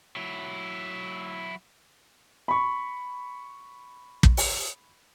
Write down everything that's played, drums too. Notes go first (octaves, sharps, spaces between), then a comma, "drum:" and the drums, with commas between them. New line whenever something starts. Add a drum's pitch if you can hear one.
F#3 E4
B5 C#6
drum: kick
drum: open hi-hat